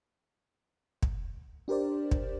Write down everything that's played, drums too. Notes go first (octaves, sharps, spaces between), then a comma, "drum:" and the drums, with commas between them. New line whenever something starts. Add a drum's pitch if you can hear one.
drum: kick
D4 G4 A#4 C5 D5
drum: kick